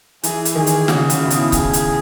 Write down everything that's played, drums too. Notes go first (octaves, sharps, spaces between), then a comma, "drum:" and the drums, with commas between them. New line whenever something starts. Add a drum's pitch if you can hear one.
E3 G#4, drum: hi-hat
drum: hi-hat
D#3 G#4
drum: hi-hat
C#3 F#4, drum: snare
C#3, drum: hi-hat
E4
A2
B2, drum: hi-hat
G#4, drum: kick C#1, hi-hat
drum: hi-hat